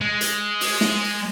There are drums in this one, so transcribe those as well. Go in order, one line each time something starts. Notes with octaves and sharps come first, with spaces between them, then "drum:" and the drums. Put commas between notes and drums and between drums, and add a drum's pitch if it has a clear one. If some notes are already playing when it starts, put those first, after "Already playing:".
G#3
drum: hi-hat
drum: open hi-hat
drum: snare